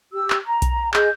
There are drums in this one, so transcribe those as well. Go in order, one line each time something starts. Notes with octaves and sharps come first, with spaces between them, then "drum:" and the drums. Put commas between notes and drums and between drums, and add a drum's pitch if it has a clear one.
G4 E6
drum: clap
A#5
drum: kick B1, hi-hat
G#4 D#5 G6, drum: clap